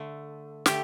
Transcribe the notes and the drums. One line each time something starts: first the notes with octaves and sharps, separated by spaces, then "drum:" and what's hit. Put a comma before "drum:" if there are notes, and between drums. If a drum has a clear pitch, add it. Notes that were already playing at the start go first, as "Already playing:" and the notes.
Already playing: D3 A3
D3 A3 G4, drum: snare